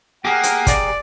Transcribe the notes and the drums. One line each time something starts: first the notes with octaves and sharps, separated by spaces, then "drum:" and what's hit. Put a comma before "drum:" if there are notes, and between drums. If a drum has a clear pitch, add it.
A#3 G4 G#4 A#4 F#5
drum: hi-hat
D5, drum: kick, hi-hat